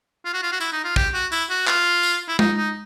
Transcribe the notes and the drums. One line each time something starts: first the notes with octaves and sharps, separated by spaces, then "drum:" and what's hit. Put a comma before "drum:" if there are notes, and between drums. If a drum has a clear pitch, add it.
F4
F#4
F4
F#4
E4, drum: tambourine
D#4
F4
G4, drum: kick
F#4
E4, drum: tambourine
F#4
F4, drum: clap
drum: tambourine
E4
D#4, drum: tom G#3
D#4